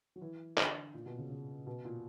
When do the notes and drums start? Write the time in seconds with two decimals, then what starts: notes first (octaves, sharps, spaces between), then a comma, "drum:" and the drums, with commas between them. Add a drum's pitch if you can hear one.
0.16 F#3
0.21 E3
0.58 D3, drum: clap
0.94 A#2
1.06 B2
1.18 C#3
1.30 C#3
1.67 B2
1.85 A#2